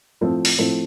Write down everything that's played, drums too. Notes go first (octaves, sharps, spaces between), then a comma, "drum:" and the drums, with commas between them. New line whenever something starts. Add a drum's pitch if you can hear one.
A2 F3 A3 C4
drum: open hi-hat
A2 F3 A3 C4